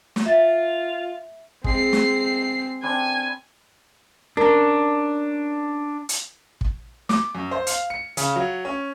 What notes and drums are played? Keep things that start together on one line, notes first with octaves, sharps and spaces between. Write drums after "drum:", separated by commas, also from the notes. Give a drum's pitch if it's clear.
drum: snare
F4 E5 A6
G#3 C4 C7, drum: kick
drum: snare
C4 D4 B4 G#5
C#4 D4 A#4
drum: hi-hat
drum: kick
D6, drum: snare
F#2
C5
F5, drum: hi-hat
C#7
C#3, drum: hi-hat
F#3
C#4